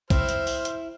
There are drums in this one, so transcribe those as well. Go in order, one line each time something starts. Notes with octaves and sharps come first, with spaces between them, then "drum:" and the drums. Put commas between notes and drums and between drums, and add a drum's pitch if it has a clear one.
C4 E4 C5 E5 F6, drum: kick, hi-hat
drum: hi-hat
drum: open hi-hat
drum: hi-hat